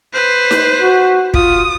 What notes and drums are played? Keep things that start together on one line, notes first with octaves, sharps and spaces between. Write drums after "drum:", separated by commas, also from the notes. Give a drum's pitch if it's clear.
B4 C5
drum: snare D#4
F#4
F4 D#6, drum: kick